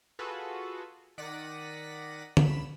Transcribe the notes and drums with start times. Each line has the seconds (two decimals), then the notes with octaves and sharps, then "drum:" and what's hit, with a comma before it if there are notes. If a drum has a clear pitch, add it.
0.19 F4 F#4 G#4 A4 B4
1.18 D#3 D5 F#5 A#6 B6 D#7
2.37 C#2 B5 E7, drum: tom D3